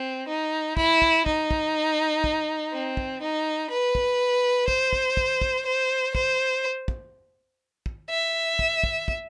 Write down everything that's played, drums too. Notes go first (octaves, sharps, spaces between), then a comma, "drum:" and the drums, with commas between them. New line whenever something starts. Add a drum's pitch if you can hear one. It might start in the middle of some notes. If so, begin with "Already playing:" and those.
Already playing: C4
D#4
E4, drum: kick
drum: kick
D#4, drum: kick
drum: kick
drum: kick
C4
drum: kick
D#4
B4
drum: kick
C5, drum: kick
drum: kick
drum: kick
drum: kick
C5
C5, drum: kick
drum: kick
drum: kick
E5
drum: kick
drum: kick
drum: kick